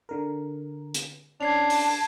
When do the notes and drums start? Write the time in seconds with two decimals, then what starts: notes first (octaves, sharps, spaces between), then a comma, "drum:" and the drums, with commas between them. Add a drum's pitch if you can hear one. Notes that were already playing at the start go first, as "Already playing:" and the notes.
0.09 D3 A#4
0.94 drum: hi-hat
1.41 C#4 D4 A5 G#6 C7 F7
1.70 drum: open hi-hat